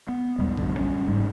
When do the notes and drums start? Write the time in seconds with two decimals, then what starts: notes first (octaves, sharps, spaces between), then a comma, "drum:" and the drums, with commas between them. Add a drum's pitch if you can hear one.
0.09 B3
0.38 B1 E2 G3 G#3
0.57 F#2 D3, drum: kick A#1
0.79 A1 G3 C#4
1.07 F#1 G#2 G3 G#3